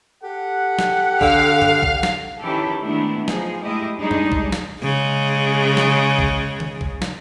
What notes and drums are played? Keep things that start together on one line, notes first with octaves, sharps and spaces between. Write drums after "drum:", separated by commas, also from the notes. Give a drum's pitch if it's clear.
G4 A4 F#5
drum: snare
D3 F5, drum: kick
drum: tom F#2
drum: kick
drum: snare
D#3 E3 C#4 E4 G4 A4
D#3 G#3 A3 B3 D4 E4
F3 D#4 G#4, drum: snare
G#3 A3 E4 G4 D#5
G3 G#3 D4 D#4 G#4
drum: tom F#2
drum: kick
drum: snare
C#3 G#3
drum: snare
drum: kick
drum: tom D#3
drum: kick
drum: snare